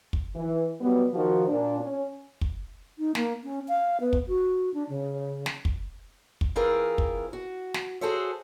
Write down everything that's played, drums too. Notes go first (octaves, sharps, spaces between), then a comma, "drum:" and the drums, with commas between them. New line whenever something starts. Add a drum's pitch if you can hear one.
drum: kick
E3
B2 F#3 G3 B3
D#3 F3 F#4
A#2 D4
C#4
drum: kick
D#4
A#3, drum: snare
C#4
F5
B3
drum: kick
F#4
D4
C#3
drum: snare
drum: kick
drum: kick
E3 C4 E4 F4 G#4 A#4
drum: kick
F#4
drum: snare
F#4 G#4 A4 C5 C#5 E5